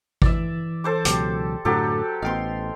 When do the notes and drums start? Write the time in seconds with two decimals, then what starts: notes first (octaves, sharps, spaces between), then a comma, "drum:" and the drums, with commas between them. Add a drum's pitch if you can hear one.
0.22 E3 D5 E5, drum: kick G#1
0.84 A4 C5 D6
1.05 C#2 B2 F#3 G4, drum: hi-hat
1.65 F#2 A2 D3 F#3 G4 A4
2.22 A1 B3 D#5 F5 G5 C6